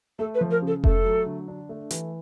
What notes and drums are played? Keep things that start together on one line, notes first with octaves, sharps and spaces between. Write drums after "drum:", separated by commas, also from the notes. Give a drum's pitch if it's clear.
A3 A4
B4
F3
A#4
C#3
A4
A3 A4, drum: kick F1
F#3
D3
D4
A3
E3, drum: hi-hat